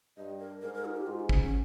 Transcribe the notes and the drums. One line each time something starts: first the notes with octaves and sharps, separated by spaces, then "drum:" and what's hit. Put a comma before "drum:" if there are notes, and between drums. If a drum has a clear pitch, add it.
G2 D#5
A#4
G#2 A#4
A#4
D#4
G4
G#2 F4
D#4
C#4, drum: kick
C#4